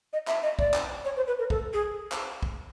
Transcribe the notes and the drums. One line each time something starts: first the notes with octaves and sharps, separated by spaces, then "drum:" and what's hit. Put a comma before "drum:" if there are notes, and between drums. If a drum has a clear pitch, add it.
D#5
E5, drum: clap
D#5
D5, drum: kick
drum: clap
C#5
C5
B4
A#4
A4, drum: kick
G#4
drum: clap
drum: kick